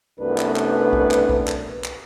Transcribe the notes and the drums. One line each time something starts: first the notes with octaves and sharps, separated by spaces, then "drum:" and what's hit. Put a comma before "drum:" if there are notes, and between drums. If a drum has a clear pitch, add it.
C2 F#2 A3 B3 D4 B4
drum: clap
drum: clap
drum: kick B1
drum: clap
drum: kick B1
drum: clap
drum: clap